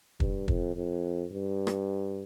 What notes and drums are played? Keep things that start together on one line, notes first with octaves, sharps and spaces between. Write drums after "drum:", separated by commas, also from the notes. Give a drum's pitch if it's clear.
G2, drum: kick
F2, drum: kick
F2
G2
drum: rim click